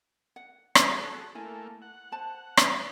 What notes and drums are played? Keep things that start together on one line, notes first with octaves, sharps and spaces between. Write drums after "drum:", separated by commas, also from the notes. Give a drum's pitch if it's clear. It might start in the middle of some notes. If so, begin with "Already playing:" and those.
F#5
drum: rim click
F#4 G#4 A4
A3 A#3 E4 G#5
F#5
C5 A5
drum: rim click